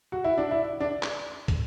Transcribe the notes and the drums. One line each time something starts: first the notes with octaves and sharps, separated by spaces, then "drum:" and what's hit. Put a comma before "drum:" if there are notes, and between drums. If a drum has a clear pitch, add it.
F#4
E4
D4
E4
D4
drum: clap
drum: kick, hi-hat